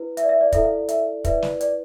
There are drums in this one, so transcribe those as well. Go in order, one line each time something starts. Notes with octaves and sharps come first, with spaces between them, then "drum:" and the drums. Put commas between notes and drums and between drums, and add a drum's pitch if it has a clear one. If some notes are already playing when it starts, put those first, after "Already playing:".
Already playing: E4 B4
E5, drum: hi-hat
D5
E5
D5
E4 A4 D5 E5, drum: kick, hi-hat
F5
E5, drum: hi-hat
E4 B4 D5 E5, drum: kick, hi-hat
drum: snare
D5, drum: hi-hat